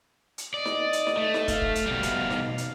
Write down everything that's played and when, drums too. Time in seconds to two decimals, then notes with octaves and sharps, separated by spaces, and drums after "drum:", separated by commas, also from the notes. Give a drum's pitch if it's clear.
0.38 drum: hi-hat
0.54 D5 D#5 D#6
0.65 drum: snare D#4
0.93 drum: hi-hat
1.07 drum: snare D#4
1.17 A3
1.34 drum: snare D#4
1.48 F5, drum: kick, hi-hat
1.62 drum: kick
1.75 drum: hi-hat
1.86 B2 G3
2.03 drum: hi-hat
2.30 drum: snare D#4
2.58 drum: hi-hat